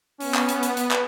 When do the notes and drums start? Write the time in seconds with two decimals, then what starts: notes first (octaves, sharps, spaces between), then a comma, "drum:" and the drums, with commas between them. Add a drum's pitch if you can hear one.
0.20 B3 C#4, drum: open hi-hat
0.35 drum: clap
0.49 drum: hi-hat
0.63 drum: hi-hat
0.77 drum: hi-hat
0.91 drum: clap